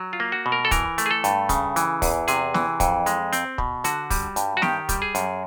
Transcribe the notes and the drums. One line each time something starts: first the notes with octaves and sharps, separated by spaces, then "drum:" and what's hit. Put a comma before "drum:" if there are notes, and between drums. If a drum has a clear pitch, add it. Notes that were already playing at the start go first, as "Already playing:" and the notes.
Already playing: F#3
F4
A#3
F#4
B2
A#4
A4
E3 A#4, drum: kick, hi-hat
A3, drum: hi-hat
G#4
A4
G2, drum: hi-hat
C#3, drum: kick, hi-hat
E3, drum: hi-hat
E2, drum: kick, open hi-hat
C3 G#4, drum: hi-hat
E3, drum: snare
F2, drum: kick, hi-hat
G#3, drum: hi-hat
C4, drum: hi-hat
B2, drum: kick
D3 F#4, drum: hi-hat
G3, drum: kick, open hi-hat
G2, drum: hi-hat
F#4
D#3 G4, drum: snare
G3, drum: kick, hi-hat
G#4
F#2, drum: hi-hat